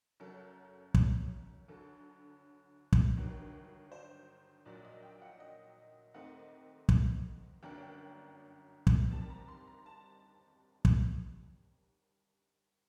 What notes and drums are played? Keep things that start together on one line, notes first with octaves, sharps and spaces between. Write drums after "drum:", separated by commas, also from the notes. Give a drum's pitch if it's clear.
F#1 F#2 F#3 A4
drum: kick
D2 D3 F#3 A4
drum: kick
G1 G2 D#3 F#3
C5
A#1 A#2 F#3 D5
D#5
G5
F#5
D#5
D#2 D#3 A3 C4 D#4 F#5
drum: kick
G1 F#2 F#3 A#3 D4 G5
drum: kick
D#2 D#3 G3 C4 A5
A#5
C6
A#5
A5
drum: kick